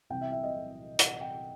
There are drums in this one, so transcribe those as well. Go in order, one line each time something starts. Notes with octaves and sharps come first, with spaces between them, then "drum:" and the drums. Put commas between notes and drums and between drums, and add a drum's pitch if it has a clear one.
C2 C3 E3 G5
E5
E5
D#5
F#5, drum: hi-hat
G5